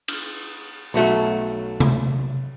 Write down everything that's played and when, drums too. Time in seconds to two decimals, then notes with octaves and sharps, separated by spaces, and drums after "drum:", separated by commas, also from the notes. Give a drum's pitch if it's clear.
0.08 drum: cymbal
0.94 B1 F#3 A3 F#4
1.80 drum: tom C3